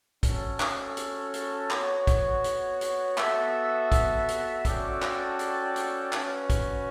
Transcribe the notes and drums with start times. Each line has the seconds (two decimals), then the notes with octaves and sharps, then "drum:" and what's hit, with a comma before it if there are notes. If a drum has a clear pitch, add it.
0.23 C#4 F#4 A4, drum: kick, hi-hat
0.60 drum: clap
0.97 drum: hi-hat
1.34 drum: hi-hat
1.70 B3 F#4 C#5, drum: clap
2.07 drum: kick, hi-hat
2.44 drum: hi-hat
2.81 drum: hi-hat
3.18 B3 F#4 A4 E5, drum: clap
3.92 drum: kick, hi-hat
4.28 drum: hi-hat
4.65 C#4 F#4 A4 D5 G5, drum: kick, hi-hat
5.02 drum: clap
5.39 drum: hi-hat
5.76 drum: hi-hat
6.13 C#4 F#4 B4, drum: clap
6.50 drum: kick, hi-hat